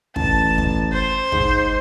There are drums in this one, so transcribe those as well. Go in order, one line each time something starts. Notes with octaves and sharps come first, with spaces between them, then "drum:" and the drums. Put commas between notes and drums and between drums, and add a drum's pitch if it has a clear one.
A1 A5, drum: kick
drum: kick
C5
G#2, drum: kick